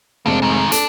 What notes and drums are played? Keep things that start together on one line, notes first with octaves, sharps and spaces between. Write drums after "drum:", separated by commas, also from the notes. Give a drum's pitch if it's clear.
F1 G#3 A#3 C4 D4
G#2 D#3
D4 A4, drum: hi-hat